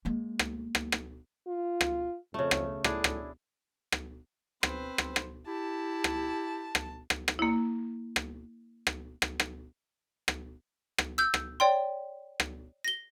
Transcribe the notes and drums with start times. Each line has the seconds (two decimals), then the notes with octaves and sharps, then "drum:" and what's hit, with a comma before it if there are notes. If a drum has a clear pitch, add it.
0.05 G#3 A#3
0.39 drum: rim click
0.75 drum: rim click
0.92 drum: rim click
1.47 F4
1.81 drum: rim click
2.34 F2 C#3 A3
2.51 drum: rim click
2.84 A2 D4 E4 G#4, drum: rim click
3.04 drum: rim click
3.92 drum: rim click
4.63 C4 B4 C5, drum: rim click
4.98 drum: rim click
5.16 drum: rim click
5.47 E4 G4 A5
6.04 drum: rim click
6.75 drum: rim click
7.10 drum: rim click
7.28 drum: rim click
7.39 A#3 E4
8.16 drum: rim click
8.87 drum: rim click
9.22 drum: rim click
9.40 drum: rim click
10.28 drum: rim click
10.98 drum: rim click
11.18 E6 G6
11.34 drum: rim click
11.60 C#5 D5 G5 C6
12.40 drum: rim click
12.84 A#6 G7